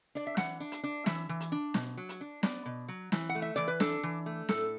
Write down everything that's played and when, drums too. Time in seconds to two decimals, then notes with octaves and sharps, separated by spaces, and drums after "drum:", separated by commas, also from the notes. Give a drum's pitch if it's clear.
0.15 D4 D5
0.27 E5
0.37 E3 F#5, drum: snare
0.60 D4
0.72 drum: hi-hat
0.84 D4
1.06 E3 E5, drum: snare
1.29 E3
1.40 drum: hi-hat
1.52 D4
1.74 B2, drum: snare
1.97 F#3
2.09 drum: hi-hat
2.21 D4
2.43 B3 D5, drum: snare
2.66 B2
2.88 F#3
3.12 E3, drum: snare
3.29 F#5
3.35 A3
3.42 E5
3.56 E3 D5
3.68 B4
3.80 D4 A4, drum: snare
4.03 E3
4.26 A3
4.49 A2 A4, drum: snare